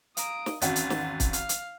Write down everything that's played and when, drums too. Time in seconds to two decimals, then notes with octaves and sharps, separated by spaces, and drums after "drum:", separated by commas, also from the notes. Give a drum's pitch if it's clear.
0.17 F5 A#5 D#6 D7, drum: hi-hat
0.46 drum: snare
0.61 G#1 E2 C4 C#4 F#4 A6, drum: hi-hat
0.76 drum: hi-hat
0.90 drum: snare
1.20 drum: kick, hi-hat
1.33 F5, drum: hi-hat
1.49 drum: hi-hat